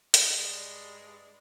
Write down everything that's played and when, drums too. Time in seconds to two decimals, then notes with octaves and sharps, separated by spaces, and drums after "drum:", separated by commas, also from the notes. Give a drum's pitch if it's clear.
0.14 G2 G#3 D5, drum: hi-hat